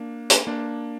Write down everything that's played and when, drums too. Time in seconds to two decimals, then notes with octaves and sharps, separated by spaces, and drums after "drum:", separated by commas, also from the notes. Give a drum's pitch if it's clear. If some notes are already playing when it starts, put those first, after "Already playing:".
Already playing: A#3 D4
0.30 drum: hi-hat
0.47 A#3 D4